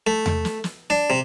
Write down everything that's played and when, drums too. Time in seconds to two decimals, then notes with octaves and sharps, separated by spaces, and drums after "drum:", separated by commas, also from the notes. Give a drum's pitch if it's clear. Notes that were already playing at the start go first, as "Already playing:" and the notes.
0.07 A3
0.26 drum: tom E2
0.45 drum: snare
0.64 drum: snare
0.90 D4
1.10 C3